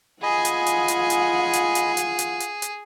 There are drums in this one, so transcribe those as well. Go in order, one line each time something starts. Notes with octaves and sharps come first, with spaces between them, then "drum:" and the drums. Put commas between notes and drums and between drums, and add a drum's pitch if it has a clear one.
F4 G#4 D#5 F#5 G#5 B5
drum: hi-hat
drum: hi-hat
drum: hi-hat
drum: hi-hat
drum: hi-hat
drum: hi-hat
drum: hi-hat
drum: hi-hat
drum: hi-hat
drum: hi-hat